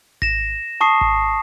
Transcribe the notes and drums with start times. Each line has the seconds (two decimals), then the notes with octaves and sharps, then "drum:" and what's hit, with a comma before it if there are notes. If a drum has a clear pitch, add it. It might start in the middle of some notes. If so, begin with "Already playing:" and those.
0.22 A#6 E7, drum: kick G#1
0.81 A5 C#6 D#6 C7
1.01 drum: kick G#1